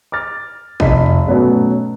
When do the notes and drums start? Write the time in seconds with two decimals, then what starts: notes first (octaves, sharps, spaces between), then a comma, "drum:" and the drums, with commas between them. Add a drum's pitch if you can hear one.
0.12 D6 F6 A6
0.80 F1 D#5 B6, drum: kick
1.06 drum: tom E2
1.27 B2 F#3 A3 B3 C#4